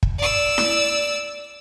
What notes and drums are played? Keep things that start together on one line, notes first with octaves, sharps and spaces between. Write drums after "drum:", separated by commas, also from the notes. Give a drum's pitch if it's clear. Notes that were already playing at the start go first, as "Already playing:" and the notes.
drum: kick
D5 E6
drum: snare E4